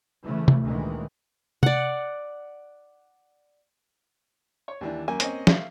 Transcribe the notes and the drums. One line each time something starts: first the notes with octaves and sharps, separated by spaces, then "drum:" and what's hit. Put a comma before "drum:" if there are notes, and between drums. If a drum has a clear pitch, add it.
C#3 E3 A3
drum: tom C3
D2 A#2 D#3 E3 G#3
D5 F#5, drum: tom C3
C#5
D#2 E3 D4
F#2 A#3 G#5
C4 C#4 D#5, drum: hi-hat
E5 F5, drum: snare